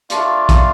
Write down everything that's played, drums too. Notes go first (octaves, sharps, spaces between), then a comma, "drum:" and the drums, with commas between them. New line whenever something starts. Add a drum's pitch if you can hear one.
A3 D4 F4 D5 F5, drum: hi-hat
drum: kick, hi-hat